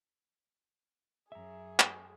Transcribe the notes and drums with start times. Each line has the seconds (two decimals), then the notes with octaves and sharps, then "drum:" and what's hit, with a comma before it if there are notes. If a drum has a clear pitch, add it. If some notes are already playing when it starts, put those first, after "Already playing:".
1.32 F#2 G#4 E5 A#5
1.79 G#3 A3, drum: clap